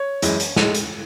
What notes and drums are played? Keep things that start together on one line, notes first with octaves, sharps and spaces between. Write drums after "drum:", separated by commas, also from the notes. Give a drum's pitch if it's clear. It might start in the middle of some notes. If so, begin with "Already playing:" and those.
Already playing: C#5
F#2 E3 G#3, drum: hi-hat
drum: hi-hat
A2, drum: snare
G#3
drum: hi-hat